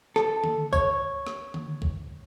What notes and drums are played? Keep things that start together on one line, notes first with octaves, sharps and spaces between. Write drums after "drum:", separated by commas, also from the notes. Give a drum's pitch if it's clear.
A4, drum: rim click
drum: tom D3
C#5, drum: kick, tambourine
drum: rim click
drum: tom D3
drum: kick